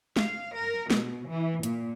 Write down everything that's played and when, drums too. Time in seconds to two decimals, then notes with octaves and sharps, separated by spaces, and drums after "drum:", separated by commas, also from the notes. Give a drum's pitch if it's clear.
0.16 F5, drum: snare
0.55 A#4
0.90 B2, drum: snare
1.28 E3
1.63 A#2, drum: hi-hat